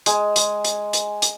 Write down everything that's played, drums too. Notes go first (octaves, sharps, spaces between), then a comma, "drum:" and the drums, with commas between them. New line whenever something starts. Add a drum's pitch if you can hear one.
G#3 G#5, drum: hi-hat
G#3, drum: hi-hat
drum: hi-hat
drum: hi-hat
drum: hi-hat